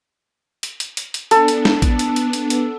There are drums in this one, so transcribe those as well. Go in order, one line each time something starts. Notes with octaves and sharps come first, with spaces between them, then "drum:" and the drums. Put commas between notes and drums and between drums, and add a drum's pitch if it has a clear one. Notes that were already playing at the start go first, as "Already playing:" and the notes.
drum: hi-hat
drum: hi-hat
drum: hi-hat
drum: hi-hat
B3 D4 A4, drum: hi-hat
drum: hi-hat
drum: snare
drum: kick A1, hi-hat
drum: hi-hat
drum: hi-hat
drum: hi-hat
drum: hi-hat